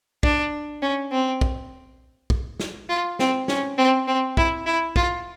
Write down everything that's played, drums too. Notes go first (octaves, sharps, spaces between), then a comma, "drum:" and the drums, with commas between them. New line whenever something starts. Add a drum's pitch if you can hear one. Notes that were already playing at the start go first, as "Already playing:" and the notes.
D4, drum: kick
C#4
C4
drum: kick
drum: kick
drum: snare
F4
C4, drum: snare
C#4, drum: snare
C4
C4
E4, drum: kick
E4
F4, drum: kick